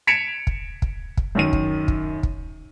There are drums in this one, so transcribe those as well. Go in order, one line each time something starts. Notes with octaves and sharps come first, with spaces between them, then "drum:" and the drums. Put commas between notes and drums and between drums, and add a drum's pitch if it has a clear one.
G#6 B6 C#7 D7 E7 F7
drum: kick
drum: kick
drum: kick
F#2 D#3 D#7
drum: kick
drum: kick
drum: kick